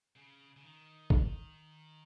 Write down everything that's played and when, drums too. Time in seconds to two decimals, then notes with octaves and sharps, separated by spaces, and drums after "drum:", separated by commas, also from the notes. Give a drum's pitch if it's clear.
0.15 C#3
0.57 C#3
0.62 D#3
1.10 drum: kick